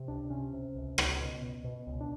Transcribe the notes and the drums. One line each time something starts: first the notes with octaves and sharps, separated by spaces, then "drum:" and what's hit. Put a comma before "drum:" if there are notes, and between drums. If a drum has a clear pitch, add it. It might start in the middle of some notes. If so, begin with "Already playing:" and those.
Already playing: C3
C#2 D4
C3 C#4
C3
C#2
C#2, drum: rim click
B2
B2
B2
C#2
D4